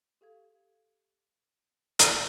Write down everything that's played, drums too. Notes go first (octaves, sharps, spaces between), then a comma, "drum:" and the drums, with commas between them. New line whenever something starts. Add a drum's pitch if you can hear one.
G4 A4 F5 G#6
drum: hi-hat